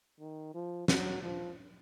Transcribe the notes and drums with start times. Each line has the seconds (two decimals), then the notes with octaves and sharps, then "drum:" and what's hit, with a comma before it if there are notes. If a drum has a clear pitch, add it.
0.20 D#3
0.54 F3
0.88 F#3, drum: snare
1.23 F3